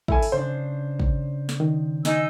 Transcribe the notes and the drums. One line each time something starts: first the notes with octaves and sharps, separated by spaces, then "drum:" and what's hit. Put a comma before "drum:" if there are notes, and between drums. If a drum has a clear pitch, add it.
E4 A4 G#5, drum: kick
drum: open hi-hat
C#3 D4 C5
drum: kick
drum: snare
D#3
D#4 G#5 E6, drum: snare